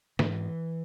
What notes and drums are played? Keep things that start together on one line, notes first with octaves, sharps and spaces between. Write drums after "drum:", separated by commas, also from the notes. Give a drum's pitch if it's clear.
G#2 E3, drum: snare